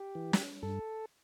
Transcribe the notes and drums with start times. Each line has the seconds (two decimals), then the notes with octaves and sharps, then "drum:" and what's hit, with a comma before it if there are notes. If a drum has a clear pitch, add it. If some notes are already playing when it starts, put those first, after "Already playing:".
Already playing: G4
0.15 E3
0.33 drum: snare
0.63 G2 A4